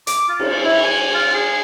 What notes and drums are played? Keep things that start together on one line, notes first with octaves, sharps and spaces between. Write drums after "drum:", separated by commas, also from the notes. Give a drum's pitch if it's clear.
D6, drum: hi-hat
F4
drum: cymbal
E4
G#5
F4
G#4